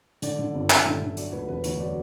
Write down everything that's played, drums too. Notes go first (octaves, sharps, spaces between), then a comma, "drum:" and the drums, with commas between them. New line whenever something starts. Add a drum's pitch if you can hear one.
D3 D5, drum: hi-hat
D3
G1
G1 E5, drum: clap
D3
D3
F#3 D5, drum: hi-hat
D2 B4
E1 B4
D2 C#5, drum: hi-hat
F#3 D5